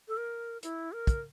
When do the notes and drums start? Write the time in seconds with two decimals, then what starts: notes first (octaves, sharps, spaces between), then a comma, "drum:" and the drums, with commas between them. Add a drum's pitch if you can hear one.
0.08 A4
0.17 A#4
0.63 E4, drum: hi-hat
0.92 A#4
1.07 drum: kick, hi-hat